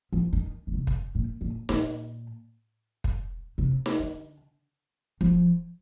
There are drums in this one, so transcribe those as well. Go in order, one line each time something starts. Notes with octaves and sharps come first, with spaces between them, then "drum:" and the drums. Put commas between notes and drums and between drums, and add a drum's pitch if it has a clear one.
F3
D#3
A#2
C3
drum: kick
A#2
A#2
A#2, drum: snare D#4
drum: kick
C3
drum: snare D#4
D3
F3, drum: kick